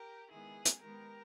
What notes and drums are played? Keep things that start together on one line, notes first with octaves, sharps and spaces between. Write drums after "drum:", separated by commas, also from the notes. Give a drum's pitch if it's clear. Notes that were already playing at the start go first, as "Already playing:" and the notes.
Already playing: G4 A#4
D#3 G#3 B3 E4 G#4
drum: hi-hat
D#3 G#3 B3 G4 A#4